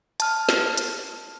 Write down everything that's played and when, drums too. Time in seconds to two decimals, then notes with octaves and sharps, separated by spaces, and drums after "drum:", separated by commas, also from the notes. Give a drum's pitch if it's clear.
0.20 A5 F6, drum: hi-hat
0.49 drum: snare
0.77 drum: hi-hat